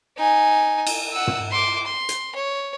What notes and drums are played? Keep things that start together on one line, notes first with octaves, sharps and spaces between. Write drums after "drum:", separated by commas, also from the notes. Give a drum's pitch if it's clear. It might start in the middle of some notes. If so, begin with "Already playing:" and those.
D#4 G#5
drum: cymbal
F#5 E6
drum: tom
C6 D6
C6
drum: hi-hat
C#5